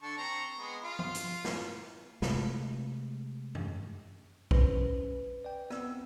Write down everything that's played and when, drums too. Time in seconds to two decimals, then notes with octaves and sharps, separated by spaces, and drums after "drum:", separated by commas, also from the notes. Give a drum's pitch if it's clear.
0.02 D3 A5 C#6
0.18 C4 A#5 C#6
0.58 G#3 B3
0.83 F4
0.99 drum: tom F3
1.15 drum: hi-hat
1.45 drum: snare
2.22 C3 G#3 A3, drum: snare
3.55 drum: tom F#2
4.51 C2 C#4 B4 C5, drum: kick A#1
5.45 D5 G5
5.70 B3 C4 E6, drum: rim click